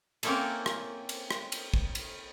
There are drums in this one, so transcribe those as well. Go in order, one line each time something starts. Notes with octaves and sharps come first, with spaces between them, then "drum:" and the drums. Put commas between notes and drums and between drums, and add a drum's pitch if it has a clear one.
A#3 C4 C#4 E4 A4, drum: cymbal
drum: rim click
drum: cymbal
drum: rim click
drum: cymbal
drum: kick
drum: cymbal